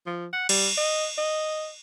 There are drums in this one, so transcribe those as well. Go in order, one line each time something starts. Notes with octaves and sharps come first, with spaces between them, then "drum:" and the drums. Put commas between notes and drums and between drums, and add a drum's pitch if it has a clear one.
F3
F#5
G3, drum: cymbal
D#5
D#5